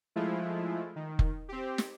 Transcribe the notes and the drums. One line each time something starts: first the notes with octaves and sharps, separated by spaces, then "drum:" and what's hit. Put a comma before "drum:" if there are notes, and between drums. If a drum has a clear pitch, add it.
F3 G#3 A3 E4 F4
D#3
drum: kick F1
C4 G4
drum: snare